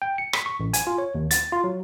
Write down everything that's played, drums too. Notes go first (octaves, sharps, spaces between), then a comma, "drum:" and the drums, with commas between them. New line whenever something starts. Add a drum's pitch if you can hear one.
G5
C#7
B6, drum: rim click
C#6
A1
G#5, drum: hi-hat
F4
C#5
D#2
A6, drum: hi-hat
F4
F#3